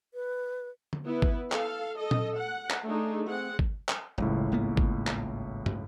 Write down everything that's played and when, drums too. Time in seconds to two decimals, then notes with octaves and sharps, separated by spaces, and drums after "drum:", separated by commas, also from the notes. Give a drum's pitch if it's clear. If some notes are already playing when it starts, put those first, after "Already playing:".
0.14 B4
0.93 drum: tom D3
1.06 B3 E4 B4
1.22 drum: kick
1.52 A4 F5, drum: clap
1.97 A4 D#5
2.11 drum: tom A#2
2.36 F#5
2.70 drum: clap
2.86 A3 D4 D#4 G#4
3.26 C4 G#4 F#5
3.59 drum: kick
3.89 drum: clap
4.18 F#1 C#2 A2
4.52 G#1 A#3 B3
4.77 drum: kick
5.07 drum: clap
5.66 drum: tom